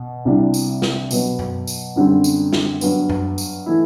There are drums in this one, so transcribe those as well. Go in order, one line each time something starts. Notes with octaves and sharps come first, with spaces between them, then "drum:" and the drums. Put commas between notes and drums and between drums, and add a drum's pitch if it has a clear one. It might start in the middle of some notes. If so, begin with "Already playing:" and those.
Already playing: B2
C2 C3 G3 D4
drum: tambourine
drum: snare
B2 F#3 B3, drum: tambourine
drum: tom F#2
drum: tambourine
F#2 D3 G3 C4
drum: tambourine
drum: snare
G2 F#3 B3, drum: tambourine
drum: tom F#2
drum: tambourine
E3 A3 E4